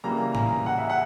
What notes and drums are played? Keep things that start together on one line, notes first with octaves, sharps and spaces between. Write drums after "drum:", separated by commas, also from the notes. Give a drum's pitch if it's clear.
C#3 E3 G3 A#3 A#5
A#5, drum: tom A2
F#5
E5
F#5